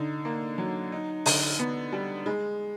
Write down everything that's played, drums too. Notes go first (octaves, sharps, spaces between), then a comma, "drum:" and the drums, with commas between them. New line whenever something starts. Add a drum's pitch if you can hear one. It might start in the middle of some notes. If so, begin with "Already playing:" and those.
Already playing: D3 D#4
A#3
F#3
D#4
D3, drum: open hi-hat
B3
G3
G#3